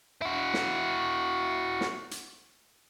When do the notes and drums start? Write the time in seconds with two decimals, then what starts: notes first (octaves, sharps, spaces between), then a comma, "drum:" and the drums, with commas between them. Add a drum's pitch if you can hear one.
0.22 E4 F#4
0.54 drum: snare
1.81 drum: snare
2.11 drum: hi-hat